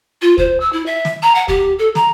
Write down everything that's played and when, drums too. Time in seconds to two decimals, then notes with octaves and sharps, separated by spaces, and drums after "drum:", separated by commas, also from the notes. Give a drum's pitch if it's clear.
0.22 F4
0.38 C5, drum: kick D2
0.60 E6
0.72 E4
0.86 E5
1.05 drum: snare
1.22 A#5
1.35 F#5
1.48 G4, drum: kick D2
1.79 A4
1.95 A#5, drum: snare